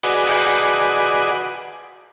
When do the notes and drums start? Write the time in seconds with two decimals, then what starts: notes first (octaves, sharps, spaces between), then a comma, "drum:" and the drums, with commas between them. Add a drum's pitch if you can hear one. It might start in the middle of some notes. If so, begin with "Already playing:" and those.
0.03 F#4 G#4 B4 D5 D#5, drum: open hi-hat
0.27 drum: cymbal